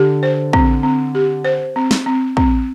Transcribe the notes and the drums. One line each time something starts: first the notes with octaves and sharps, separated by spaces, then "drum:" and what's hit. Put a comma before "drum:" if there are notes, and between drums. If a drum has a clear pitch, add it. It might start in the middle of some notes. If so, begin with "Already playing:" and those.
Already playing: D3 G4
C5
C4, drum: kick
C4
G4
C5
C4
drum: snare
C4
C4, drum: kick